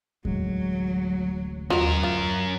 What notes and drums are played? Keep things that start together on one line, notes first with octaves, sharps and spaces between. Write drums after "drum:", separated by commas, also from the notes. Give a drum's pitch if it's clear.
D1 A1 F#3 G#3, drum: kick E2
F#2 F4 F#4 A#4 D#5, drum: tom D#2
F4